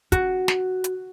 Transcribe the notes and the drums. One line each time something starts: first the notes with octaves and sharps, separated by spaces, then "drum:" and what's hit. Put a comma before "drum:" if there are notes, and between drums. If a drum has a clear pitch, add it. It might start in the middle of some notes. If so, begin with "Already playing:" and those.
F#4, drum: kick, hi-hat
drum: snare
drum: hi-hat